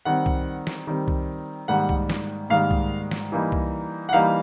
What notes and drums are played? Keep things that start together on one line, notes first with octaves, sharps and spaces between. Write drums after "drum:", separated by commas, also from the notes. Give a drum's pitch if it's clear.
D#3 G3 C4 F#5
drum: kick C2
drum: snare
D#3 G3 C4
drum: kick C2
G#2 D#3 G3 A#3 F#5
drum: kick C2
drum: snare
G#2 D#3 G3 A#3 F5
drum: kick C2
drum: snare
E3 G3 A#3 D#4
drum: kick C2
F#5
E3 G3 A#3 D#4 F5